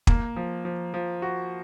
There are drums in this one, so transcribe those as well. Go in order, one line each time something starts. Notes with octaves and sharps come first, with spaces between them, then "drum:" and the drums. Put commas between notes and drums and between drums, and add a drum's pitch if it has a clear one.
A#3, drum: kick
F3
F3
F3
F#4